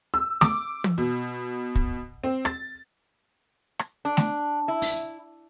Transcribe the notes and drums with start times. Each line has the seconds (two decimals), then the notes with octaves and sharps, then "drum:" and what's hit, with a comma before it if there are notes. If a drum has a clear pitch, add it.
0.14 E6
0.41 D6, drum: snare A3
0.84 drum: tom
0.98 B2
1.75 drum: kick
2.24 C4
2.45 A6, drum: rim click
3.79 drum: rim click
4.05 D4
4.17 drum: snare A3
4.68 E4
4.82 drum: open hi-hat